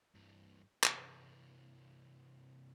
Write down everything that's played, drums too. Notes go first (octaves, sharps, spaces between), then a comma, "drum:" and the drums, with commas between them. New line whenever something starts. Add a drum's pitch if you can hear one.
G2 E3
C3 E3, drum: clap